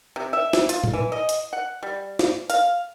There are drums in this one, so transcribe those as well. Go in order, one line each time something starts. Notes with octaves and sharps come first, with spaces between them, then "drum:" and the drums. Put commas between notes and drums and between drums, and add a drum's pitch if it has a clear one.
C3
E5
drum: snare
F4, drum: hi-hat
drum: tom A2
E3
D#5
drum: hi-hat
F#5
G3
drum: snare
F5, drum: hi-hat